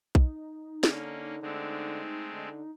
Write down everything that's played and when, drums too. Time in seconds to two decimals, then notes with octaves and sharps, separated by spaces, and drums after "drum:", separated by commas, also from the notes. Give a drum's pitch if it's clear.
0.15 D#4, drum: kick B1
0.84 D3 A#3 C#4, drum: snare
1.43 D3 G#3 A3 C4
2.33 D3